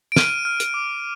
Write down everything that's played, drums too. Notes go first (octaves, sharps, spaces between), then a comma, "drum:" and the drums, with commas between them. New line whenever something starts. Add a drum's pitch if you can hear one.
D7
F6 D#7, drum: snare
F6
drum: hi-hat
D6